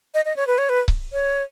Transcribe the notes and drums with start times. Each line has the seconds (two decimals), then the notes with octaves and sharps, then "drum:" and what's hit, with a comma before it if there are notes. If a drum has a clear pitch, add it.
0.14 D#5
0.25 D#5
0.36 C#5
0.47 B4
0.58 C#5
0.69 B4
0.88 drum: kick C#1
1.13 C#5